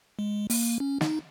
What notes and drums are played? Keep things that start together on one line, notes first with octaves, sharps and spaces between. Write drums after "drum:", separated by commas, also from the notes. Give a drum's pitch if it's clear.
G#3
A#3, drum: open hi-hat
C#4
D#4, drum: snare